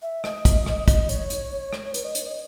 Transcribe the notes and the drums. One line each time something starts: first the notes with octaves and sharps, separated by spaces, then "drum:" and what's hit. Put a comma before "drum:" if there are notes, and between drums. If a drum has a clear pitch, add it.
E5
D#5, drum: rim click
drum: kick, hi-hat
drum: rim click
drum: kick, hi-hat
C#5, drum: hi-hat
drum: hi-hat
drum: rim click
B4, drum: hi-hat
D#5
C#5, drum: hi-hat
D#5